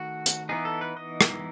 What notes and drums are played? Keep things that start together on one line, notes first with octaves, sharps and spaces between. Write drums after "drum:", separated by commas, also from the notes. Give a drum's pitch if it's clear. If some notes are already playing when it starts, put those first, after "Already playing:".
Already playing: D#3 A3 F#4
drum: hi-hat
E3 B3 D#4 G#4
A4
B4
D#5
drum: rim click